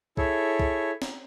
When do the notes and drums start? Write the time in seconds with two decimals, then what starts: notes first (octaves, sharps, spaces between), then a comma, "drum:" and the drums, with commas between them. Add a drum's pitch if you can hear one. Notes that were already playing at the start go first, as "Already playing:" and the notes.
0.17 E4 G#4 A4 C#5 E5, drum: kick B1
0.59 drum: kick B1
1.02 drum: snare